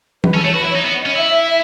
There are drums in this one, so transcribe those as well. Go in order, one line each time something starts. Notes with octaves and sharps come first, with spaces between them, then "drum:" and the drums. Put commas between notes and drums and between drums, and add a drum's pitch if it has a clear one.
B4, drum: tom E3
C#4 A4
A3 C#5
F#4 B4
E4
C#5
D#4
B3 C#5
C#5
D#5
C#4
E4 E5